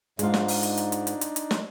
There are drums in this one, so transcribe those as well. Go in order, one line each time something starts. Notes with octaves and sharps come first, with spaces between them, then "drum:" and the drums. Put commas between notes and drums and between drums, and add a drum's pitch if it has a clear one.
G#2 G#3 D4 D#4 F4, drum: hi-hat
drum: snare
drum: open hi-hat
drum: hi-hat
drum: hi-hat
drum: hi-hat
drum: hi-hat
drum: hi-hat
drum: hi-hat
drum: snare